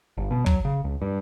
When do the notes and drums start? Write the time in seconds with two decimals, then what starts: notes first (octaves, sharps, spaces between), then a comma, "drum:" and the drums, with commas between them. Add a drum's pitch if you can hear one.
0.17 G1
0.31 B2
0.46 F#3, drum: kick
0.65 C#3
0.84 C#2
1.02 G2